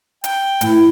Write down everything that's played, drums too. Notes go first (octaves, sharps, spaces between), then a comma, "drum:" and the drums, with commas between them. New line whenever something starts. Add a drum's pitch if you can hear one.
G5, drum: hi-hat
A2 E3 E4, drum: hi-hat